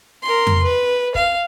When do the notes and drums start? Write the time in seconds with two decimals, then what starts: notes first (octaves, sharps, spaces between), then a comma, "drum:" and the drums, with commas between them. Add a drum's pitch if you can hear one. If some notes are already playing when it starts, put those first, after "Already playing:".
0.22 A#4 C6
0.47 drum: tom F2
0.63 B4
1.15 F5, drum: kick